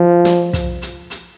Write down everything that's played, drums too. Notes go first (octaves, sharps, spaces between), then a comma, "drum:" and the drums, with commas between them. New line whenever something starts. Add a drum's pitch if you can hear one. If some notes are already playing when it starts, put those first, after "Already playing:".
Already playing: F3
drum: snare
drum: kick, hi-hat
drum: hi-hat
drum: hi-hat